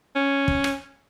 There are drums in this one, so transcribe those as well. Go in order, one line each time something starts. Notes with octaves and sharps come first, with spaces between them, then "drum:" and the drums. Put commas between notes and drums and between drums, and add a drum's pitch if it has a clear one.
C#4
drum: kick
drum: rim click